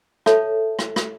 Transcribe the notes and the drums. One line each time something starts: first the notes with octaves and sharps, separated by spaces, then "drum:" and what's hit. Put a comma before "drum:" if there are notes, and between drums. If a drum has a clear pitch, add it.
A4 C#5 E5 A5, drum: rim click
drum: rim click
drum: rim click